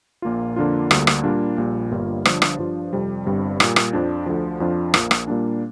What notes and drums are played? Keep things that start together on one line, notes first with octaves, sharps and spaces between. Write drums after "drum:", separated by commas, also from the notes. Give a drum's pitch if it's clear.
A#1 A#2 A#3 F4
F2 D3 A#3 D4 F4
D2 D3 G3 A#3 D4, drum: rim click
drum: rim click
A#2 G3 A#3 D4 F4
A#1 A#2 G3
G1 G2 G3 A#3 F4
G1 G2 F3 D4, drum: rim click
drum: rim click
G2 F3 D4 F4
F2 C3 G3
G1 G2 G3 C4
A#2 G3 A#3, drum: rim click
drum: rim click
F2 F3 D4
D2 D3 F3
F2 F3 D4 F4
A#1 A#2 A#3, drum: rim click
drum: rim click
A#2 G3 A#3 D4